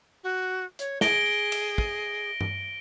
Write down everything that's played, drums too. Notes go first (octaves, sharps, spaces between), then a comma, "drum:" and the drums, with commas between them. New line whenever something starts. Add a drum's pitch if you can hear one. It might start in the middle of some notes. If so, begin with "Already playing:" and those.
F#4
C#5, drum: hi-hat
G#4 A#6 D7 G7, drum: snare
drum: cymbal
drum: kick
drum: tom G2